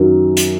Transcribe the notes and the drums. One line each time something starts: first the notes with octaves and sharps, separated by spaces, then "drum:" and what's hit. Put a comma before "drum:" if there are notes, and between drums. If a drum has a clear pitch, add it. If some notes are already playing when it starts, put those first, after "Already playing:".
Already playing: F#2 D#3 F#3
drum: hi-hat